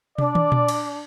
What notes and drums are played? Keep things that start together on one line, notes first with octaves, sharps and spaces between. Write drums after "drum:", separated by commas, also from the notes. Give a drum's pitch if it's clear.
D4 D5, drum: tom
drum: tom
drum: tom A#2
drum: cymbal